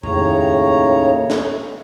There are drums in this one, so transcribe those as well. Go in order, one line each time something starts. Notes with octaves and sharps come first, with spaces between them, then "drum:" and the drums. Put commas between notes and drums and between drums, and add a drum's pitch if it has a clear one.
D#2 A2 C#3 C#5 A#5, drum: tom F2
drum: snare